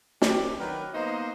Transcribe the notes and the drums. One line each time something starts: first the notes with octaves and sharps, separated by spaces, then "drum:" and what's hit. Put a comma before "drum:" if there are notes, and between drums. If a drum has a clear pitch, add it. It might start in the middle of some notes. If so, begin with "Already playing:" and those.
D#3 C4 D4 G4, drum: snare
D#3 F#3 A#4 B4
A#3 B3 D#4 C5 D#5